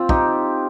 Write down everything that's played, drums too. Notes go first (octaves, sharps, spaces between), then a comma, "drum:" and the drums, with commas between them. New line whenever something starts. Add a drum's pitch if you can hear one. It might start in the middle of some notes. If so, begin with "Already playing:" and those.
Already playing: C4 F4
D#4 G4, drum: kick